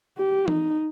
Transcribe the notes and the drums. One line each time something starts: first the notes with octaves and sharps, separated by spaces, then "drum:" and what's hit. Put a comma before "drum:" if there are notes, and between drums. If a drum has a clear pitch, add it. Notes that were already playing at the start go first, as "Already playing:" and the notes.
G4
D#4, drum: tom E3